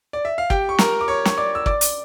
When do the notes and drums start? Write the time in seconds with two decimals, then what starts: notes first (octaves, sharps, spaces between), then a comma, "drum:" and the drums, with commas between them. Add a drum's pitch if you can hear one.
0.13 D5
0.25 E5
0.38 F5
0.50 G4 G5, drum: kick
0.69 C#6
0.79 A#4 A#5, drum: snare
1.01 D6
1.08 C#5 C#6
1.25 C#6, drum: snare
1.38 D5 D6
1.55 E6
1.66 D5 D6, drum: kick
1.81 drum: hi-hat